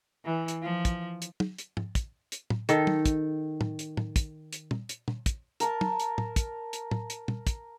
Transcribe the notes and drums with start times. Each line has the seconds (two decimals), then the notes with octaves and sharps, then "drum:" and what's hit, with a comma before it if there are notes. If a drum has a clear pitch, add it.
0.25 E3
0.48 drum: hi-hat
0.62 F3
0.85 drum: kick, hi-hat
1.22 drum: hi-hat
1.40 drum: tom
1.58 drum: hi-hat
1.77 drum: tom
1.95 drum: kick, hi-hat
2.32 drum: hi-hat
2.50 drum: tom
2.69 D#3 A4, drum: hi-hat
2.87 drum: tom
3.06 drum: kick, hi-hat
3.61 drum: tom
3.79 drum: hi-hat
3.97 drum: tom
4.16 drum: kick, hi-hat
4.53 drum: hi-hat
4.71 drum: tom
4.89 drum: hi-hat
5.08 drum: tom
5.26 drum: kick, hi-hat
5.60 A#4 A5, drum: hi-hat
5.81 drum: tom
6.00 drum: hi-hat
6.18 drum: tom
6.36 drum: kick, hi-hat
6.73 drum: hi-hat
6.91 drum: tom
7.10 drum: hi-hat
7.28 drum: tom
7.47 drum: kick, hi-hat